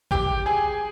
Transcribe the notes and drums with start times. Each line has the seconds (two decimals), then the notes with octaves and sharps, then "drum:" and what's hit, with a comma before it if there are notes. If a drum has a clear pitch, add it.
0.11 G4 G5, drum: kick
0.46 G#4 G#5